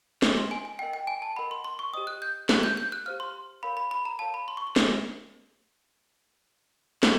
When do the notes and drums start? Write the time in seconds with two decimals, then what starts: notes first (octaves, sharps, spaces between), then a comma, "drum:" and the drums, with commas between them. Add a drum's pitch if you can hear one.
0.22 G4 B4 D#5 G5, drum: snare
0.37 C6
0.51 G#5
0.65 G#5
0.79 A#4 D#5 F#5 G5
0.93 G5
1.07 G#5
1.22 A5
1.36 A#4 D#5 F#5 B5
1.51 C6
1.64 C6
1.79 C#6
1.93 G4 C5 D#5 G5 D#6
2.07 F#6
2.22 G6
2.49 G4 A#4 C#5 F#6, drum: snare
2.63 G6
2.77 G6
2.92 F#6
3.06 G4 C5 F5 F6
3.20 C6
3.63 A#4 C#5 F5 B5
3.77 B5
3.91 B5
4.05 A#5
4.19 A#4 C#5 F5 A5
4.34 B5
4.48 C6
4.57 C#6
4.67 C6
4.76 drum: snare
7.03 drum: snare